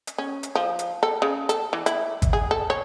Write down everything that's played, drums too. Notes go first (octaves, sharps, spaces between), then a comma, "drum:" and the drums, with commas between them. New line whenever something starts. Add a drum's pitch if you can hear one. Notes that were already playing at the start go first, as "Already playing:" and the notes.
drum: hi-hat
C#4
drum: hi-hat
F3
drum: hi-hat
A4
C#3
A4, drum: hi-hat
E3
E4, drum: hi-hat
drum: kick G#1, hi-hat
G#4
A4
C#5